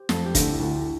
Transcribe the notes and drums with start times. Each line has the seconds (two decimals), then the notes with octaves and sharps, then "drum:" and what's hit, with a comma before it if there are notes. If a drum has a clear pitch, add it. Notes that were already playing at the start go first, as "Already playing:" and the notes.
Already playing: G4 C5
0.09 F2 A4, drum: snare
0.26 G4
0.35 D3 A3, drum: kick, hi-hat
0.43 E4
0.59 D2 D4